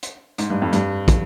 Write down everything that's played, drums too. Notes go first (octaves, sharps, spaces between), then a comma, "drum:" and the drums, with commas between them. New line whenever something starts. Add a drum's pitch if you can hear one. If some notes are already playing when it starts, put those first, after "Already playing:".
drum: hi-hat
G#2, drum: hi-hat
G2
F2
G2, drum: hi-hat
drum: kick, hi-hat